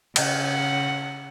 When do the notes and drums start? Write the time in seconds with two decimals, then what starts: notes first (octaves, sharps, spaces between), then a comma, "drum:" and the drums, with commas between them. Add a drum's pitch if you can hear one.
0.16 C#3 F#5, drum: cymbal